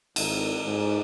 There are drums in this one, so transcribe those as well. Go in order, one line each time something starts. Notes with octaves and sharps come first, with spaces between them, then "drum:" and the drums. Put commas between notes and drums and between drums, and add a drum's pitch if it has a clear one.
G#1, drum: cymbal
G#2